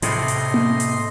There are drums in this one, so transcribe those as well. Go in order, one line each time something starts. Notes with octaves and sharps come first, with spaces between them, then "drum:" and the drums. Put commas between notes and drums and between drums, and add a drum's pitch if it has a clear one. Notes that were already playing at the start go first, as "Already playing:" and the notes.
A2 C3 D#5 C6, drum: hi-hat
drum: hi-hat
drum: tom A#3
drum: hi-hat